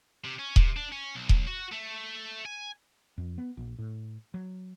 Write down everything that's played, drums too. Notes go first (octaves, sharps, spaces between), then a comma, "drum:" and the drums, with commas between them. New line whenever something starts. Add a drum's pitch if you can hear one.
C3
C#4
C3, drum: kick D#1
D4
C#4
B1
drum: kick D#1
F#4
A3
G#5
F2
B3
A#1
A2
F#3